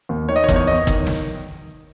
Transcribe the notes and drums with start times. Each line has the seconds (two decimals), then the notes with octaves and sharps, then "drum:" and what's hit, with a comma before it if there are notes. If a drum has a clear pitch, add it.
0.09 D#2
0.29 D#3 C#5
0.36 D#5
0.44 C#5
0.48 E2, drum: kick
0.56 C#5
0.67 E2 D#5
0.87 D#3, drum: kick
1.07 drum: snare